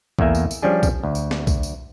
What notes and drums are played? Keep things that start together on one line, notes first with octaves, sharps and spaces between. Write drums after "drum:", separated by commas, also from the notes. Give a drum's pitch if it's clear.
E2 A3 A#3 E5 G#5, drum: kick B1
drum: tambourine
drum: tambourine
F3 G3 C#4 D4 G#4
drum: kick B1, tambourine
D2
drum: tambourine
drum: snare
drum: kick B1, tambourine
drum: tambourine